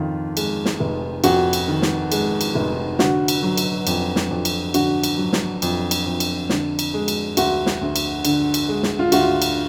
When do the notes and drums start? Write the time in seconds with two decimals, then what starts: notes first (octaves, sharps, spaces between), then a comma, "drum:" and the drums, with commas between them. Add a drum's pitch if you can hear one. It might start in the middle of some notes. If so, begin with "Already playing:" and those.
Already playing: F2 D#3 F4
0.37 G#3, drum: cymbal
0.65 drum: snare
0.80 F1
1.24 F2 F#4, drum: cymbal
1.53 drum: cymbal
1.68 D#3
1.82 drum: snare
2.12 G#3, drum: cymbal
2.41 drum: cymbal
2.55 F1
2.99 D3 F#4, drum: snare
3.28 drum: cymbal
3.42 F#3
3.57 drum: cymbal
3.87 F2, drum: cymbal
4.16 drum: snare
4.31 F2
4.45 drum: cymbal
4.74 D3 F#4, drum: cymbal
5.04 drum: cymbal
5.18 F#3
5.33 drum: snare
5.62 F2, drum: cymbal
5.91 drum: cymbal
6.06 F2
6.20 drum: cymbal
6.50 D3, drum: snare
6.79 drum: cymbal
6.94 G#3
7.08 drum: cymbal
7.37 D2 F#4, drum: cymbal
7.66 drum: snare
7.81 D2
7.96 drum: cymbal
8.25 D3, drum: cymbal
8.54 drum: cymbal
8.68 G#3
8.83 drum: snare
8.99 F4
9.12 D2 F#4, drum: cymbal
9.42 drum: cymbal